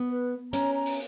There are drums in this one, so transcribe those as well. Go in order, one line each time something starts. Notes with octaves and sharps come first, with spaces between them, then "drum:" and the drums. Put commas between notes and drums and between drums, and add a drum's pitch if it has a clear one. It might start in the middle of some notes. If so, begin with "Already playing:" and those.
Already playing: B3
B4
C#4 A#5, drum: hi-hat
A#5
drum: open hi-hat